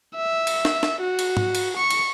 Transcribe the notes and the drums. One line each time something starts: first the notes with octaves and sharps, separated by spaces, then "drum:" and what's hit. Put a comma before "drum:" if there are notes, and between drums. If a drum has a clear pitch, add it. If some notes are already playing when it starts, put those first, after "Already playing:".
E5
drum: cymbal
drum: snare
drum: snare
F#4
drum: cymbal
drum: tom G#2
drum: cymbal
C#6
drum: cymbal